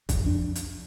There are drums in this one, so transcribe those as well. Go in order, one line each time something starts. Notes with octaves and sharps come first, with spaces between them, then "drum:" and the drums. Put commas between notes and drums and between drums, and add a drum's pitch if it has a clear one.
F2, drum: kick, hi-hat
D4
drum: hi-hat